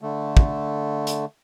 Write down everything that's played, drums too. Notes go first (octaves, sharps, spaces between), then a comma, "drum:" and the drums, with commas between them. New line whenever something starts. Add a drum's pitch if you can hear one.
D3 A3
drum: kick
drum: hi-hat